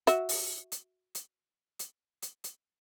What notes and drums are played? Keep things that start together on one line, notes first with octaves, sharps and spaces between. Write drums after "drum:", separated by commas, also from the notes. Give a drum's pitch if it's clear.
F#4 E5, drum: hi-hat
drum: open hi-hat
drum: hi-hat
drum: hi-hat
drum: hi-hat
drum: hi-hat
drum: hi-hat